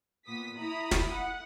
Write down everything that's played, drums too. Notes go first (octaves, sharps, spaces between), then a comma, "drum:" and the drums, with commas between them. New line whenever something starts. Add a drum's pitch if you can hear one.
A#2 B3 D#6 B6
E4 A#5 B5 D#6
drum: snare
F#5